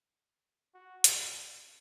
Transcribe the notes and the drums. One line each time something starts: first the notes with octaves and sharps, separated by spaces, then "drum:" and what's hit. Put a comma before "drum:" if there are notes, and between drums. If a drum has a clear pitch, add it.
F#4
drum: hi-hat